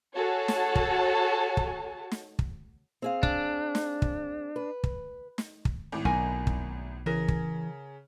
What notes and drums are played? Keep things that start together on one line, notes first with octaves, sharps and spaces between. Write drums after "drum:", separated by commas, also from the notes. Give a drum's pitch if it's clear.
F#4 G#4 A4 C#5 A5
drum: snare
drum: kick
drum: kick
drum: snare
drum: kick
C4 G#4 F5
D4, drum: kick
drum: snare
drum: kick
B4
drum: kick
drum: snare
drum: kick
G#1 A2 D6
B1 A#4 G#5 A#5
drum: kick
C#3 E3 G#4 A#4
drum: kick